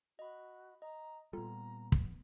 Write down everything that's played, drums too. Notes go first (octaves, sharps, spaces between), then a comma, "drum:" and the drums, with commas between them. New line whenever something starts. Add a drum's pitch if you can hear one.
F#4 D#5 B5
D#5 A#5
A#2 G3 B3 F4 A4 A#5
drum: kick